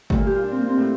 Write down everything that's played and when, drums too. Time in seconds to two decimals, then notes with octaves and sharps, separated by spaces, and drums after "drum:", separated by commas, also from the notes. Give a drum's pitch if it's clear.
0.10 A#2 G3 A3, drum: kick G1
0.19 A#3
0.26 G4
0.35 F4
0.43 D4
0.52 C4
0.60 A#3
0.69 C4
0.77 A2